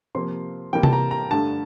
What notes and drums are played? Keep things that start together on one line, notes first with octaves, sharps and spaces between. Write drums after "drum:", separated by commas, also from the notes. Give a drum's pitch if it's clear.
C3 F3 A#3 C6
C3 E3 G3 A#3 G5
A5, drum: tom C3
A#5
A#5
G2 D3 A3 A5